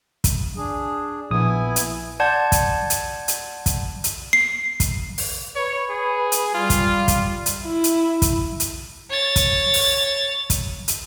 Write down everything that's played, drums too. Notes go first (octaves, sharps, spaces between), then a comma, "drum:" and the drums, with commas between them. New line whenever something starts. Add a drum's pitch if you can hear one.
drum: kick, hi-hat
D4 G#4
A#1 B3 E4 G#5 D#6
drum: hi-hat
D5 F#5 A5 C6 G6 G#6
drum: kick, hi-hat
drum: hi-hat
drum: hi-hat
drum: kick, hi-hat
drum: hi-hat
C7
drum: kick, hi-hat
drum: open hi-hat
B4 C#5
G#4
drum: hi-hat
G3 F4
drum: kick, hi-hat
drum: kick, hi-hat
drum: hi-hat
E4
drum: hi-hat
drum: kick, hi-hat
drum: hi-hat
C#5 A6
drum: kick, hi-hat
drum: open hi-hat
drum: kick, hi-hat
drum: hi-hat